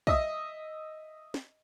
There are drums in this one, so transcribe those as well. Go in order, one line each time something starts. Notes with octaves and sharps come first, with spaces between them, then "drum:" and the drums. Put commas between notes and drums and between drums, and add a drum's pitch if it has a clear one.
D#5 E5 D#6, drum: kick
drum: snare